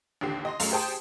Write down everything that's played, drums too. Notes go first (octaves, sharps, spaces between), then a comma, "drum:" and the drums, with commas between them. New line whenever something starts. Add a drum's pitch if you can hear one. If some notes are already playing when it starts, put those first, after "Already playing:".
A1 D#2 D3 G4 C7
D#5 C6
F#2 A3 F5 F7, drum: open hi-hat
G4 G#4 C5 G5 A5 D#6